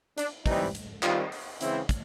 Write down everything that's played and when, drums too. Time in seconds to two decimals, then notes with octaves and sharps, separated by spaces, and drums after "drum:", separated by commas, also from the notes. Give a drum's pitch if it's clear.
0.18 D4, drum: hi-hat
0.46 E3 G3 C4 D#4, drum: kick, open hi-hat
0.75 drum: hi-hat
1.03 D#3 G3 C4 F4, drum: clap
1.32 drum: open hi-hat
1.61 C#3 E3 G#3 C4 E4, drum: hi-hat
1.89 drum: kick, hi-hat